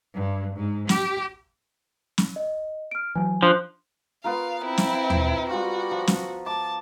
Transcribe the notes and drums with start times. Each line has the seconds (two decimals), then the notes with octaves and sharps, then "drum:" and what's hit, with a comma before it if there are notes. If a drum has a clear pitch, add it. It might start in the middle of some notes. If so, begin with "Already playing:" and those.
0.14 G2
0.56 G#2
0.89 G4, drum: snare
2.18 drum: snare
2.36 D#5
2.91 F6 D7
3.15 E3 F#3 G#5
3.43 F3 D4 C5 C6 F#6
4.24 B3 F4 A#4 F5
4.63 C4 E4
4.78 drum: snare
5.10 drum: tom D#2
5.50 G3 F4 F#4
5.91 F3
6.07 drum: snare
6.46 A5 D6